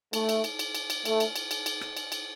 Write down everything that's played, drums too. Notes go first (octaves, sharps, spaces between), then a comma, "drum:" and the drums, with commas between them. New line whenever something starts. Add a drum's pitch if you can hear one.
A3, drum: cymbal
drum: cymbal
drum: cymbal
drum: cymbal
drum: cymbal
drum: cymbal
A3, drum: cymbal
drum: cymbal
drum: cymbal
drum: cymbal
drum: cymbal
drum: rim click
drum: cymbal
drum: cymbal